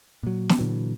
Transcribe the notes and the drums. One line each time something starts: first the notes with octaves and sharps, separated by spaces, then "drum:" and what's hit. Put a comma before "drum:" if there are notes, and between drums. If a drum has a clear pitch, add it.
A#2 F#3
drum: snare
A#2 D3 E3 F#3